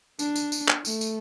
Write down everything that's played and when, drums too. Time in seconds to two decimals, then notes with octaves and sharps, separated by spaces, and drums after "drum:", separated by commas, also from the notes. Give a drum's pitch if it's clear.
0.19 D4, drum: tambourine
0.36 drum: tambourine
0.52 drum: tambourine
0.68 drum: clap
0.85 A3, drum: tambourine
1.01 drum: tambourine